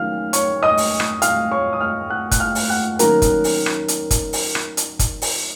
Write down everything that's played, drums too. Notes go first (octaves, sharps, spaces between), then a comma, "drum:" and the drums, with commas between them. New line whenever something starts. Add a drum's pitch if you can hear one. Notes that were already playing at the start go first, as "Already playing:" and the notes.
Already playing: D#3 F#3 A#3 C#4 F5 F6
C#5 C#6, drum: hi-hat
D#5 D#6
drum: open hi-hat
drum: rim click
F5 F6, drum: hi-hat
C#5 C#6
D#6
F5 F6
F#5 F#6
F#6, drum: kick, hi-hat
F5 F6
drum: open hi-hat
F#5 F#6
D#3 F#3 A#3 C#4 A#4 A#5, drum: hi-hat
drum: kick, hi-hat
drum: open hi-hat
drum: rim click
drum: hi-hat
drum: kick, hi-hat
drum: open hi-hat
drum: rim click
drum: hi-hat
drum: kick, hi-hat
drum: open hi-hat